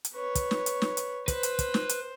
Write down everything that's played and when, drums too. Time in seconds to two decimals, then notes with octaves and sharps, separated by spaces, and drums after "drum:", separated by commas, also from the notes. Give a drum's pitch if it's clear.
0.05 drum: hi-hat
0.14 B4 C#5
0.35 drum: kick, hi-hat
0.51 drum: snare
0.66 drum: hi-hat
0.82 drum: snare
0.97 drum: hi-hat
1.28 B4 C5, drum: kick, hi-hat
1.43 drum: hi-hat
1.59 drum: kick, hi-hat
1.74 drum: snare
1.89 drum: hi-hat